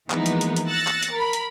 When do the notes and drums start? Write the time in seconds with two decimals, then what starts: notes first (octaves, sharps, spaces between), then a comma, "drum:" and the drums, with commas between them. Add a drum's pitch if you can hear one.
0.10 E3 F3 G#3 A#3 B3 D#4, drum: clap
0.26 drum: hi-hat
0.41 drum: hi-hat
0.56 drum: hi-hat
0.68 E6 F#6 A6 A#6 C#7
0.87 drum: clap
1.03 drum: hi-hat
1.13 A#4 B5
1.33 drum: hi-hat